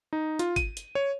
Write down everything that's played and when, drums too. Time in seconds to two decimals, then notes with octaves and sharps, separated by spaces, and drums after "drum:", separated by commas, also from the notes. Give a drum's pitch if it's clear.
0.13 D#4
0.39 F4, drum: hi-hat
0.56 D#7, drum: kick G#1, hi-hat
0.77 drum: hi-hat
0.95 C#5